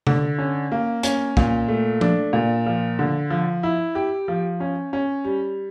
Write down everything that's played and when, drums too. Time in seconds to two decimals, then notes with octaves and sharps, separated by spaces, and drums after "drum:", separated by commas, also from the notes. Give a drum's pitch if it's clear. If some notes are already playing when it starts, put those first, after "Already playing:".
0.07 D3, drum: tom C3
0.38 C#4
0.72 A#3
1.03 C#4, drum: hi-hat
1.37 A#2, drum: kick
1.68 A3
2.01 D4, drum: tom F3
2.33 A#2
2.66 F3
2.99 D3
3.30 F3
3.63 E4
3.95 G4
4.28 F3
4.60 C#4
4.93 C#4
5.24 G3